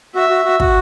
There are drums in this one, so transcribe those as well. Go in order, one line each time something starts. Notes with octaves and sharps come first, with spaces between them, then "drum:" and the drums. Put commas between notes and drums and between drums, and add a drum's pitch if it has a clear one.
F#4 E5
F#4
F#4
F#4, drum: kick